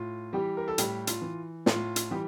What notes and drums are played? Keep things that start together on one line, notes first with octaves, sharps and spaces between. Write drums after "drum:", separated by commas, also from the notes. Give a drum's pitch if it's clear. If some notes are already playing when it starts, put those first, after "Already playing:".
Already playing: A2 F4
E3 G3 G4
A#4
A4
A2 G3 G4, drum: hi-hat
F4, drum: hi-hat
E3
A2 F4, drum: snare
drum: hi-hat
E3 G3 G4